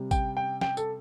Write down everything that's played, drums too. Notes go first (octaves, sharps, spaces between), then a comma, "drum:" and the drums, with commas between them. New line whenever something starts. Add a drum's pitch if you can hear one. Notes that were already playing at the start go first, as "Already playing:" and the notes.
Already playing: C3 G3
G5, drum: kick, tambourine
G5
G5, drum: snare
A4, drum: tambourine